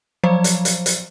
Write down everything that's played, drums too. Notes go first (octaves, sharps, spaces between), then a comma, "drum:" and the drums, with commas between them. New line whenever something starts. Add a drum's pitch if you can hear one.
F3 F#3 C5 F5
drum: hi-hat
drum: hi-hat
drum: hi-hat